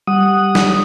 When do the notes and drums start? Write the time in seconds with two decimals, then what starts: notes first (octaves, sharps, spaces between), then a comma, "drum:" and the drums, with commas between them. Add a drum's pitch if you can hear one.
0.07 G3 F#5 D#6
0.55 drum: snare